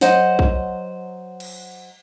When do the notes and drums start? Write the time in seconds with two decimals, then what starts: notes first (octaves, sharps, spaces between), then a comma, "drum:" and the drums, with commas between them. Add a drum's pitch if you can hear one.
0.01 F#3 C5 D#5 F#5, drum: snare
0.39 drum: kick B1
1.40 drum: cymbal